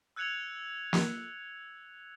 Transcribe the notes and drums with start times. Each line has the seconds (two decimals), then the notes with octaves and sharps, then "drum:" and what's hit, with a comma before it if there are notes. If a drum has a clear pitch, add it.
0.16 E6 F#6 G#6 C#7 F7 F#7
0.93 drum: snare